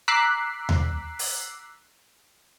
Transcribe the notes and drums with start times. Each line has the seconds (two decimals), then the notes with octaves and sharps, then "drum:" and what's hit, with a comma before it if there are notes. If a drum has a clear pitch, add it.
0.08 A#5 D6 E6 F#6 B6 C7
0.69 drum: tom D#2
1.19 drum: open hi-hat